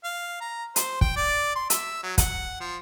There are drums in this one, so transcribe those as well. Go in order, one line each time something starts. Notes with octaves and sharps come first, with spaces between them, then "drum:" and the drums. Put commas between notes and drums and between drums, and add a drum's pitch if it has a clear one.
F5
A#5
C5, drum: hi-hat
G5, drum: kick
D5
C6
E5, drum: hi-hat
F#3
F#5, drum: kick, hi-hat
F3